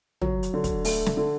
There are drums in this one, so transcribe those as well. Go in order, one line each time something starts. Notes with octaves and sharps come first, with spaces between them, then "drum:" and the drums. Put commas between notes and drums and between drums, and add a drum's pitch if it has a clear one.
F#3, drum: tom
drum: hi-hat
D3
drum: kick, hi-hat
A3, drum: open hi-hat
drum: snare
D3